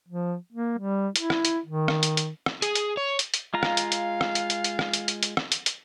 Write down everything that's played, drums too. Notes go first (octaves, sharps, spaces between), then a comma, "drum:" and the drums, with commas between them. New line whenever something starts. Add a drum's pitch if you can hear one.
F3
A#3
G3
E4, drum: hi-hat
drum: rim click
drum: hi-hat
D#3
drum: rim click
drum: hi-hat
drum: hi-hat
drum: rim click
G#4, drum: hi-hat
drum: hi-hat
C#5
drum: hi-hat
drum: hi-hat
G#3 F4 F5 A#5
drum: rim click
drum: hi-hat
drum: hi-hat
drum: rim click
drum: hi-hat
drum: hi-hat
drum: hi-hat
drum: rim click
drum: hi-hat
drum: hi-hat
drum: hi-hat
drum: rim click
drum: hi-hat
drum: hi-hat